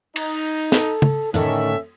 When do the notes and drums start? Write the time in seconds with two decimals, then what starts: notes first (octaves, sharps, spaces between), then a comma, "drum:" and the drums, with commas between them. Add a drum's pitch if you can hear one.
0.16 D#4, drum: cymbal
0.72 A4, drum: snare
1.02 drum: tom
1.34 A2 D3 D#3 C#4 D4 E5